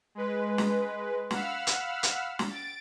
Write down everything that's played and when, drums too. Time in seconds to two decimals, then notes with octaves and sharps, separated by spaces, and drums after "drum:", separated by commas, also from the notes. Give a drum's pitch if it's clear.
0.15 G#3 B4
0.58 drum: snare
1.31 F5 F#5 B5 E6 F6, drum: snare
1.67 drum: hi-hat
2.03 drum: hi-hat
2.39 drum: snare
2.49 A6 D7